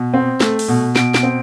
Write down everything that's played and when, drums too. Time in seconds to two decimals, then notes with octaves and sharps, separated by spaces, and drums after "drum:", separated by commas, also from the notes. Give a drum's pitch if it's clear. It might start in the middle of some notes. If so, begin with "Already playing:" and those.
Already playing: B2
0.14 C4
0.40 A3, drum: snare
0.59 drum: open hi-hat
0.68 B2
0.96 B2 D7, drum: snare
1.14 D7, drum: snare
1.23 C4